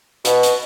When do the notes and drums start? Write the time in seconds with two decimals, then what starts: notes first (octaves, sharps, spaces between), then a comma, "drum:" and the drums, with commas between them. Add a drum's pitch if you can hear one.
0.25 B2, drum: hi-hat
0.43 drum: hi-hat